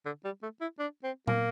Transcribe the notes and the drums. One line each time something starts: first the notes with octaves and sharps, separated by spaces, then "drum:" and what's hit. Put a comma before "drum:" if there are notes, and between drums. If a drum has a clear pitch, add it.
D3
G3
A3
E4
D4
C4
A#3, drum: tom A#2